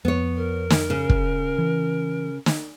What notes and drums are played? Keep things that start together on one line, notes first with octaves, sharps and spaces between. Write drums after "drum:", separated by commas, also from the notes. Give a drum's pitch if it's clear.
F2 B3 C#5
A#4
drum: snare
C#3
drum: kick
E3
drum: snare